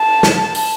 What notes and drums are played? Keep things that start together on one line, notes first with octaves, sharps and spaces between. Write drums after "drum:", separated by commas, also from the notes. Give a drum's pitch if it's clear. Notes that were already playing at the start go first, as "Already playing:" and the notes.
Already playing: A5
drum: snare
drum: open hi-hat